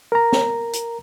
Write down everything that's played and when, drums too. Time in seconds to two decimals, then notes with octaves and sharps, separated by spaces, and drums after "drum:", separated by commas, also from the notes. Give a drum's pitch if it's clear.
0.12 A#4 A#5
0.32 drum: snare
0.73 drum: hi-hat